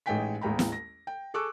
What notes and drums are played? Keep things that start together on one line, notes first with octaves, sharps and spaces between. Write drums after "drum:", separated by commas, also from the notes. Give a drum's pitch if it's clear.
A1 G#3 D#4 G5 G#5 B6
A1 D#2 G#3 G5 A#5 B5
drum: snare
A#6
G5
G#4 A4 C#6 D6 E6 F#6